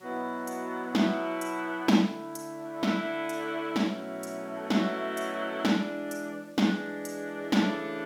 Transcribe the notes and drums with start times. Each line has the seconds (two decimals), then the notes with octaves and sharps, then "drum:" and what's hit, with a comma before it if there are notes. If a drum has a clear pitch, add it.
0.01 B2 F#3 B3 E4
0.47 drum: hi-hat
0.95 B2 F#3 B3 E4, drum: snare
1.41 drum: hi-hat
1.88 D3 A3 E4, drum: snare
2.35 drum: hi-hat
2.83 D3 A3 E4, drum: snare
3.29 drum: hi-hat
3.76 B2 F#3 A3 C#4 E4, drum: snare
4.23 drum: hi-hat
4.70 B2 F#3 A3 C#4 E4, drum: snare
5.17 drum: hi-hat
5.65 E3 G#3 D4, drum: snare
6.11 drum: hi-hat
6.58 E3 G#3 D4, drum: snare
7.05 drum: hi-hat
7.52 C#3 E3 A3 D4, drum: snare